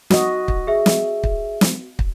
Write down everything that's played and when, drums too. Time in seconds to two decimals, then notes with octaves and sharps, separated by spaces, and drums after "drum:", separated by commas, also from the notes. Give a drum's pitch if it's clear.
0.11 F#4 D#5, drum: snare
0.48 drum: kick
0.67 G#4 E5
0.86 drum: snare
1.23 drum: kick
1.61 drum: snare
1.99 drum: kick